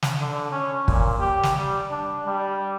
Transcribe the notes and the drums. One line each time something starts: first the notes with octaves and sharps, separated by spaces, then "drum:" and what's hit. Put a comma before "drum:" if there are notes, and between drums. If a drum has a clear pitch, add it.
drum: snare
D3
C#4
A#2, drum: kick
G4
drum: snare
G3
D4
G3